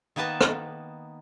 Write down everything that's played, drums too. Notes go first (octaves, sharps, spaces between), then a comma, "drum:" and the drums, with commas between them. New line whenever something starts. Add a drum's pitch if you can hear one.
D#3 A#3 B3 B4 A5 A#5
drum: rim click